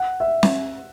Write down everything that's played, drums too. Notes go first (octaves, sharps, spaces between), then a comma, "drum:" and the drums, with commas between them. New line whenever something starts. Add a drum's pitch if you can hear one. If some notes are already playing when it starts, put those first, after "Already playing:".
Already playing: F#5
E5
drum: snare